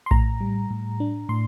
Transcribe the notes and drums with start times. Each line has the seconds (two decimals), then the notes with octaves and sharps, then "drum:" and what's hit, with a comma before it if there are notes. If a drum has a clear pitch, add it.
0.06 C6
0.11 A2 A#5, drum: kick A#1
0.40 G3
0.70 A2
1.00 D4
1.29 A2 C6